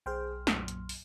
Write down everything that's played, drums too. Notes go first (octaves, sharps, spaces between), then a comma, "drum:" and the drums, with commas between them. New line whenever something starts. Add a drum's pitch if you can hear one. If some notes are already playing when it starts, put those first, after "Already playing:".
B1 G#4 C5 G5 C6 F6
F#2 A#2, drum: snare
drum: hi-hat
drum: open hi-hat